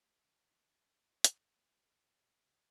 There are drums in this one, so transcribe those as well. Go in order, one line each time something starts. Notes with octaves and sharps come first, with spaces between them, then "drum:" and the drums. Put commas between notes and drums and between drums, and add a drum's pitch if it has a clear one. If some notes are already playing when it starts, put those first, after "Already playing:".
G3 A3 A#3 D4
drum: hi-hat